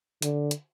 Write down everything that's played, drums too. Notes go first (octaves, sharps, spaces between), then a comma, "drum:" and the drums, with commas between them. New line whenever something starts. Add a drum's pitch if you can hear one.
D3, drum: hi-hat
drum: hi-hat